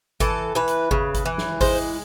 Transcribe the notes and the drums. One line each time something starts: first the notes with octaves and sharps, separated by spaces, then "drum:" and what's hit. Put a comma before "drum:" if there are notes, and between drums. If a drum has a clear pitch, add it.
E3 A4, drum: kick G#1, hi-hat
E3 B4
drum: hi-hat
C#3, drum: kick G#1
drum: kick G#1, hi-hat
E3
drum: snare
G#3 C5, drum: kick G#1, open hi-hat